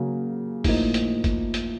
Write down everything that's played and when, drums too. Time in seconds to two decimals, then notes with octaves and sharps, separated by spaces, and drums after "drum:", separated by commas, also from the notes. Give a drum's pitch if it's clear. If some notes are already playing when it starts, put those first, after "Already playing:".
Already playing: C#3 F#3 A#3
0.64 A2 F3 A#3 D#4, drum: kick G1, open hi-hat
0.94 drum: hi-hat
1.24 drum: kick G1, hi-hat
1.54 drum: hi-hat